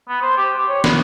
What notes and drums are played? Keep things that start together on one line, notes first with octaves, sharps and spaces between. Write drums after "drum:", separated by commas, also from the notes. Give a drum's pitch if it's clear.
B3
C5
G4
G4
C#5
B3, drum: snare